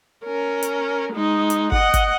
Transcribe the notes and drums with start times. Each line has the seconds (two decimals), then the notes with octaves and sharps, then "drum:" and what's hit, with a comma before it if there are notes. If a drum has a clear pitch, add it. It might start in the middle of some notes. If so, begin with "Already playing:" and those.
0.24 C#4 A#4
0.63 drum: hi-hat
1.13 G#3 D#4
1.50 drum: hi-hat
1.72 D#5 F#5, drum: kick
1.94 drum: kick, hi-hat